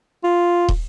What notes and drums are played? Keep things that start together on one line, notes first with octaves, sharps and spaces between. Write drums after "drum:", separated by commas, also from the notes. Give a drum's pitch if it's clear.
F4
drum: kick